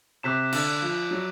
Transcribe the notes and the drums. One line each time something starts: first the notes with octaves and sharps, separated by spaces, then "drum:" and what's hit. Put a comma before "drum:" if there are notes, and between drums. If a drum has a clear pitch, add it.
C3 D6 F#6 B6 E7
D3, drum: cymbal
F3
F#3